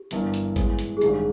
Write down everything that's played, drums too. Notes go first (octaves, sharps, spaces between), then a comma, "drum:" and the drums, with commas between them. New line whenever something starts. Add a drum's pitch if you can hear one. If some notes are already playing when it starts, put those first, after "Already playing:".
Already playing: G4
G1 G2 E3 G3 A#3, drum: hi-hat
drum: hi-hat
A2 E3 G#3 B3, drum: kick G#1, hi-hat
drum: hi-hat
G#4
A1 G2 D#3 G#3 G4, drum: hi-hat